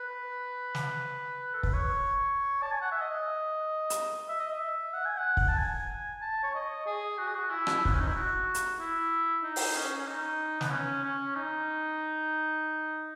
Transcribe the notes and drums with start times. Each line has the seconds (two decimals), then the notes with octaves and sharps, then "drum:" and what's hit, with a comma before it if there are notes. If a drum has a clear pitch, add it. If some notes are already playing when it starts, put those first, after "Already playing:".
Already playing: B4
0.75 drum: snare
1.54 A4
1.63 B4, drum: kick
1.74 C#5
2.63 A5
2.72 G#5
2.82 F#5
2.92 E5
3.01 D#5
3.90 drum: hi-hat
4.29 E5
4.40 D#5
4.52 E5
4.94 F#5
5.06 G#5
5.18 F#5
5.37 drum: kick
5.48 A5
5.58 G#5
6.22 A5
6.44 C#5
6.55 D#5
6.86 G#4
7.18 F#4
7.27 G#4
7.35 F#4
7.50 E4
7.67 drum: rim click
7.85 B3, drum: kick
7.92 C#4
8.00 D#4
8.08 E4
8.15 F#4
8.54 drum: hi-hat
8.80 E4
9.43 D#4
9.56 drum: open hi-hat
9.76 C#4
9.98 C#4
10.07 D#4
10.61 B3, drum: snare
10.71 C#4
11.04 C#4
11.36 D#4